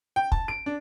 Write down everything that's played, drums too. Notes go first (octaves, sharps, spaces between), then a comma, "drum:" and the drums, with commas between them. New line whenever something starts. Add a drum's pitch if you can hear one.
G5
A5, drum: kick
D7
D4